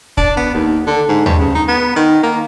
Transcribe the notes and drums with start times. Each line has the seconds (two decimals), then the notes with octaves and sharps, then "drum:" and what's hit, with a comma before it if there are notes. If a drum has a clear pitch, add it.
0.17 D4, drum: kick
0.37 B3
0.54 D#2
0.87 D3
1.08 G#2
1.26 G2, drum: tom D#2
1.39 C#3
1.55 D#4
1.68 B3
1.96 D#3
2.23 A#3